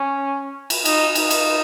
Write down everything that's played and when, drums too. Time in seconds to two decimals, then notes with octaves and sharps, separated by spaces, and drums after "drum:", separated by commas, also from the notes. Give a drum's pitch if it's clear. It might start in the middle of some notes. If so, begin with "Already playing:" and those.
Already playing: C#4
0.70 drum: cymbal
0.85 D#4, drum: cymbal
1.15 D#4, drum: cymbal
1.31 drum: cymbal